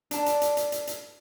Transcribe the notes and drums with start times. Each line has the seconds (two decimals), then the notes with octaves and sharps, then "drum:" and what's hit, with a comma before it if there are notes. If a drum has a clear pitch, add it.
0.11 D4 A5, drum: hi-hat
0.26 drum: hi-hat
0.42 drum: hi-hat
0.57 drum: hi-hat
0.72 drum: hi-hat
0.87 drum: hi-hat